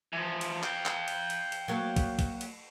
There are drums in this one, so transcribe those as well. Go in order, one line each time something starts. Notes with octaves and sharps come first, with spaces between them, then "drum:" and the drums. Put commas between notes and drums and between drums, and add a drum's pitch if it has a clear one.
E3 F3
drum: cymbal
F5 G5, drum: clap
drum: clap
drum: cymbal
drum: cymbal
drum: cymbal
F#3 A#3
drum: kick, cymbal
drum: kick, cymbal
drum: cymbal